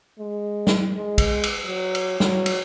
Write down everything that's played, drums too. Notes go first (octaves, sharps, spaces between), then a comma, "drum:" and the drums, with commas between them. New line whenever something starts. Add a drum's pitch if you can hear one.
G#3
drum: snare
G#3
drum: kick, cymbal
drum: cymbal
F#3
drum: cymbal
F#3, drum: snare
drum: cymbal